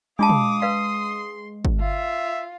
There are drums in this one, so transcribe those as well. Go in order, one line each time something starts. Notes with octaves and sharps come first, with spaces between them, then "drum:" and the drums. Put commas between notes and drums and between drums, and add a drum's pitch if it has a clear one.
G#3 D4 F4 F5 A5 D6 D#6
drum: tom
B4 F5 C6
drum: kick
F4 E5